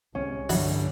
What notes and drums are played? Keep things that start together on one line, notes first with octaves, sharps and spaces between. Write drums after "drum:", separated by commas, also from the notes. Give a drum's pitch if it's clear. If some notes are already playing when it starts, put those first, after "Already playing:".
C2 G#3 C#4
G2 D3 F#3 E4, drum: open hi-hat